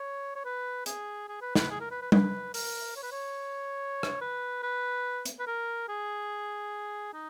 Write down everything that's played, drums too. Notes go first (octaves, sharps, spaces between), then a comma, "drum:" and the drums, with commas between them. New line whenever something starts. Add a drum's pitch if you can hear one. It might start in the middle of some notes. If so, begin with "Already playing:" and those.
Already playing: C#5
C#5
B4
G#4, drum: hi-hat
G#4
B4
B4, drum: snare
G#4
A#4
B4
B4
B4, drum: tom G3
A#4, drum: open hi-hat
C#5
B4
C#5
drum: rim click
B4
B4
drum: hi-hat
B4
A#4
G#4
D#4